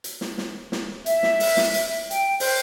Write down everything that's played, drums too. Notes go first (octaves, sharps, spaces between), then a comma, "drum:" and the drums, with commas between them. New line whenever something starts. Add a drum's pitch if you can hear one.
drum: hi-hat
drum: snare
drum: snare
drum: snare
E5, drum: hi-hat
drum: snare
drum: open hi-hat
drum: snare
drum: hi-hat
G5, drum: hi-hat
C5, drum: open hi-hat